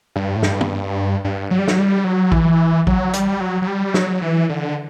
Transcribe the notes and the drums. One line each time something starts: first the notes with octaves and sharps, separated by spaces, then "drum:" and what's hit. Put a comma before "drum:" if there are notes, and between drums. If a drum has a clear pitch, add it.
G2
A2
G2, drum: snare
drum: tom
G2
F#3
G3
F#3, drum: snare
G3
F#3
E3, drum: kick
F#3, drum: kick
G3, drum: hi-hat
F#3
F#3
G3
F#3, drum: snare
E3
D3